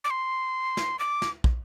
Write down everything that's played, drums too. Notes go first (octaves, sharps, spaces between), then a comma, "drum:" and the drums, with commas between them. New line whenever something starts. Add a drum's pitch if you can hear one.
D6
C6
drum: snare
D6
drum: snare
drum: kick